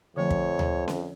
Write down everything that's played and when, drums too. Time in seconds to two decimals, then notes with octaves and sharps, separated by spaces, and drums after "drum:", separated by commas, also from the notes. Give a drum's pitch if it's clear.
0.16 F2 D3 F3 A3 C#5
0.31 drum: kick
0.59 drum: tom D2
0.88 drum: snare C#4